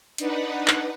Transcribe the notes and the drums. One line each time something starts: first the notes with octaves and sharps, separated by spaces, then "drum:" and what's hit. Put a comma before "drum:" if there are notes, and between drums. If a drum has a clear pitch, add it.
D4 D#4 B4 F#5, drum: hi-hat
drum: clap